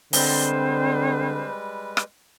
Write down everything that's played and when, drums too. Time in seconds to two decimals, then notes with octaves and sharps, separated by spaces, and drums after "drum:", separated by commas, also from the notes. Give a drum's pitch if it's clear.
0.13 D3 G3 G#3 C4 B4 C5, drum: open hi-hat
1.97 drum: rim click